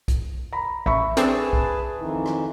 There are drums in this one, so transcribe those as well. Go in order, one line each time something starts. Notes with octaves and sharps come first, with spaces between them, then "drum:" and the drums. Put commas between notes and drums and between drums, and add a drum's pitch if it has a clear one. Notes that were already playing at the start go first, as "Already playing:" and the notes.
drum: kick, hi-hat
A#5 B5
A1 E5 B5 C#6
C4 D4 G#4 A4 B4 A5, drum: hi-hat
drum: kick
F2 D#3 E3
drum: rim click